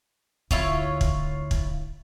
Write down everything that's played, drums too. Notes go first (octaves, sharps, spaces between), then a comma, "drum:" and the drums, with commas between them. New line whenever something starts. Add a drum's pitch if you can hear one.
D2 E4 F4 C#5, drum: kick
drum: kick
drum: kick